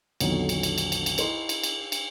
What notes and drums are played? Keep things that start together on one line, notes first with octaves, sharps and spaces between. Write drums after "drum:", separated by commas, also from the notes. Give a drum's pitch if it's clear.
B1 F2 A#2 D3 D#3 F#3, drum: cymbal
drum: cymbal
drum: cymbal
drum: cymbal
drum: cymbal
drum: cymbal
E4 A#4 D#5 C6, drum: cymbal
drum: cymbal
drum: cymbal
drum: cymbal